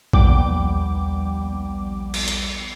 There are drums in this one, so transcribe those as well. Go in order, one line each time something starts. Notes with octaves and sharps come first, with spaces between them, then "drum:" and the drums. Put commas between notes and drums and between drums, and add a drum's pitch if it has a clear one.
A#1 D#2 G3 B3 G5 D6, drum: kick A#1
drum: cymbal
drum: hi-hat